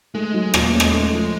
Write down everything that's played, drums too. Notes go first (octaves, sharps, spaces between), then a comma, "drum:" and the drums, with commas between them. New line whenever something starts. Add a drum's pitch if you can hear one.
G#3 A3
F#3
A#2 A#3, drum: rim click
A3
C#4
G#3, drum: rim click
A3
F3